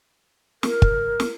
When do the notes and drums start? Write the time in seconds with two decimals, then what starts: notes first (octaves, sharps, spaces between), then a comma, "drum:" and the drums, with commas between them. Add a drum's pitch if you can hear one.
0.63 A#4, drum: snare
0.82 drum: kick
1.20 drum: snare